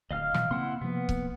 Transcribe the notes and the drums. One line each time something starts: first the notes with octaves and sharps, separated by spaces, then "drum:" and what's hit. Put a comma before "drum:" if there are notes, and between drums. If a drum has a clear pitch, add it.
D1 D2 D#5 F5 F6
B2 E3 F#3, drum: rim click
C#3 A#3 C4 E4 F#5 C6
C3 F3 A#3 B3
drum: kick C#1